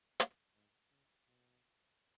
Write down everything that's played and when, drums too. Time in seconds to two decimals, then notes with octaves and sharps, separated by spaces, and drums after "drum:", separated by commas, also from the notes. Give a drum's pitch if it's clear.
0.20 F#2, drum: hi-hat
0.55 G#2
0.91 C#3
1.27 B2